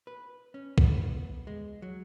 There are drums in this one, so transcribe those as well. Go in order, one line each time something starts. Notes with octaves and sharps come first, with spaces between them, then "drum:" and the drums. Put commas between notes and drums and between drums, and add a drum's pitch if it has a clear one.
B4
C#4
B3, drum: kick B1
G#3
F#3